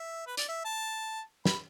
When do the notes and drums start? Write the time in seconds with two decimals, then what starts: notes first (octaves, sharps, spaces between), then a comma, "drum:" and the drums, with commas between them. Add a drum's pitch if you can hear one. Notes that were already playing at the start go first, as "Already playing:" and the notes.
Already playing: E5
0.27 B4
0.37 D5, drum: hi-hat
0.49 E5
0.65 A5
1.45 B5, drum: snare